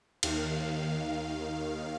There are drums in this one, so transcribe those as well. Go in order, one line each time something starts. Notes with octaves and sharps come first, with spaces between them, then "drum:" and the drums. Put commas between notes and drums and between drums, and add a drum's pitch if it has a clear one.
D#2 D#3 F5, drum: cymbal